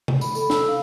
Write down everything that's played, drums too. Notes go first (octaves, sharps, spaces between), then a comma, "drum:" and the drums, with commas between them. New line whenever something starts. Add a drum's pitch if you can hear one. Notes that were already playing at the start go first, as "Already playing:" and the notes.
drum: tom C3
B5, drum: tambourine
A4, drum: tambourine
E6, drum: snare
F5